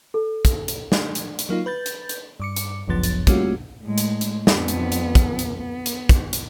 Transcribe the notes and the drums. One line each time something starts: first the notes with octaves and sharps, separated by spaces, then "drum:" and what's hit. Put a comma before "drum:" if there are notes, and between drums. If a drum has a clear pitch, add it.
A4
drum: kick, hi-hat
drum: hi-hat
drum: snare
drum: hi-hat
drum: hi-hat
F#3 A#3 D#4 F4
B4 G6 A6
drum: hi-hat
drum: hi-hat
G2 D6 C#7
drum: hi-hat
G1 C#2 F#2 F3 B3 A6
drum: hi-hat
G3 A3 A#3 C#4 F4 F#4, drum: kick, hi-hat
A2 G#3
drum: hi-hat
drum: hi-hat
F2 B3, drum: snare
drum: hi-hat
drum: hi-hat
drum: kick, hi-hat
drum: hi-hat
B3
drum: hi-hat
drum: kick, hi-hat
drum: hi-hat